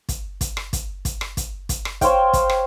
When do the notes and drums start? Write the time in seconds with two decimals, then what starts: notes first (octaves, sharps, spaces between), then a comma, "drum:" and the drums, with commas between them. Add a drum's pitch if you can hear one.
0.09 drum: kick, hi-hat
0.41 drum: kick, hi-hat
0.57 drum: rim click
0.73 drum: kick, hi-hat
1.05 drum: kick, hi-hat
1.21 drum: rim click
1.37 drum: kick, hi-hat
1.69 drum: kick, hi-hat
1.85 drum: rim click
2.01 C5 C#5 F5 G5, drum: kick, hi-hat
2.33 drum: kick, hi-hat
2.50 drum: rim click